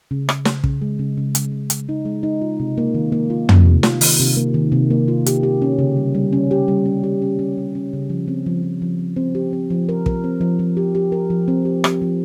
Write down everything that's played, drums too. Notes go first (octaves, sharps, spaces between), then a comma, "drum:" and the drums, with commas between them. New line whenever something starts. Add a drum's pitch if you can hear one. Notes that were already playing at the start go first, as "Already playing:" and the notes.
C#3
C#3, drum: rim click
C#3, drum: snare
C#3, drum: kick
G#3
C#3
C#3
C#3, drum: hi-hat
C#3
C#3, drum: hi-hat
D#4
G#3
D#4
F4
C3
A#3
D#3
A#3
F4
A#3, drum: tom
C3
F4, drum: snare
D#3, drum: open hi-hat
C3
A#3
D#3
C3
A#3
F4
G4, drum: hi-hat
G4
C#4
C#3
G3
G3
C#4
G4
G3
C#4
G4
C#4
C#4
G3
C#4
C#3
F3
C4
F3
F3
F3
C4
C4
G4
C4
F3
A#4
A#4, drum: kick
C4
F3
F3
G4
G4
A#4
F3
C4
G4
G4, drum: rim click
F3